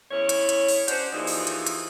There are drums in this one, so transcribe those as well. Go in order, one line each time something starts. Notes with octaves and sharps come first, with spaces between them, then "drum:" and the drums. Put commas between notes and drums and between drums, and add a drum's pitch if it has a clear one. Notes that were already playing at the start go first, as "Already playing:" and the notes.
E2 C#4 E4 C#5
drum: hi-hat
drum: hi-hat
drum: open hi-hat
C#4 D4 F#4 C5, drum: hi-hat
D#2 E3 F3 D#4 G#4
drum: open hi-hat
drum: hi-hat
drum: hi-hat